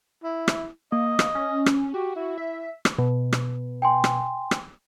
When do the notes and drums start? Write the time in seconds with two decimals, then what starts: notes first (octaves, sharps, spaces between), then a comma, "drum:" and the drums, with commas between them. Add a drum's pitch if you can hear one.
0.23 E4
0.48 drum: rim click
0.92 A#3 D#5
1.19 drum: rim click
1.35 C#4
1.66 drum: rim click
1.94 F#4 G4
2.16 E4
2.38 E5
2.85 drum: rim click
2.98 B2
3.33 drum: rim click
3.82 G5 G#5 C6
4.04 drum: rim click
4.51 drum: rim click